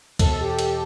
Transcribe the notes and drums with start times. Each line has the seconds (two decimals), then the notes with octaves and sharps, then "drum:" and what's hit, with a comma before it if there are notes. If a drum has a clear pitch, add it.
0.19 E2 B2 A4, drum: kick C#2, cymbal
0.40 G4
0.59 G4, drum: cymbal